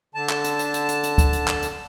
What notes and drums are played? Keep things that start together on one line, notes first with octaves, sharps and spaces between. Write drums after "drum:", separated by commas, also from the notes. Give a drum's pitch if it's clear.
D3 A5
drum: clap
drum: hi-hat
drum: hi-hat
drum: hi-hat
drum: hi-hat
drum: hi-hat
drum: kick, hi-hat
drum: hi-hat
drum: clap
drum: hi-hat